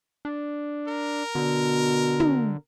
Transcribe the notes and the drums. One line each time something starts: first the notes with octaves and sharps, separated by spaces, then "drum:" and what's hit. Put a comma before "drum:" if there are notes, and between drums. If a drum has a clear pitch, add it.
D4
A#4
B2 D3
drum: tom